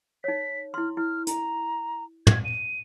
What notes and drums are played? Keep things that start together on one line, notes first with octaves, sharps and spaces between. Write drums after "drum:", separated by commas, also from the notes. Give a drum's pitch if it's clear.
D#4 C#5 B6
E4 C6 F6
E4 F6
A#5, drum: hi-hat
G#6, drum: tom
D#7